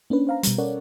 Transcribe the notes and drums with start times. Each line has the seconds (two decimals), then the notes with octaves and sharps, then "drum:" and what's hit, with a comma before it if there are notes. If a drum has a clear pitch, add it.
0.10 A#3 C#4 D4 B4
0.27 C5 F5 A#5
0.43 B2 G3, drum: hi-hat
0.58 C#4 A4 A#4 C#5 D5 F#5